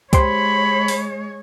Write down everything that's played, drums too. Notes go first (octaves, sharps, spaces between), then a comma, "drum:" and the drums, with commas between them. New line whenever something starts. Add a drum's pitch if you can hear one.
G#3 G4 C5 C#5 B5 C6, drum: kick, hi-hat
drum: open hi-hat